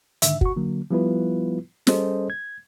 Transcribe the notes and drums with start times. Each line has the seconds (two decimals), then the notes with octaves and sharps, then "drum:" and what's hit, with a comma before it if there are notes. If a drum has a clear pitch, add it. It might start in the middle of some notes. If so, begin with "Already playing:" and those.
0.22 G#2 D3 D#3 E5, drum: hi-hat
0.41 F#4 C#6, drum: kick
0.56 D3 F#3 A#3
0.91 F3 G3 B3 E4 F4 B4
1.87 G3 C#4 G#4 A4 C5 D#5, drum: snare
2.30 G#6